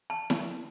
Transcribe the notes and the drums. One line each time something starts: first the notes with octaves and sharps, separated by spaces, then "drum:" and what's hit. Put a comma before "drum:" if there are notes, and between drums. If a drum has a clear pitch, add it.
A5
drum: snare E4